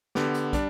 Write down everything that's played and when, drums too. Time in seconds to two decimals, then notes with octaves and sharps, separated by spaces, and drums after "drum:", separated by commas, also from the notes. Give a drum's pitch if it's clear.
0.15 D3 B3 G4, drum: snare
0.34 drum: hi-hat
0.53 G3 D4, drum: kick, hi-hat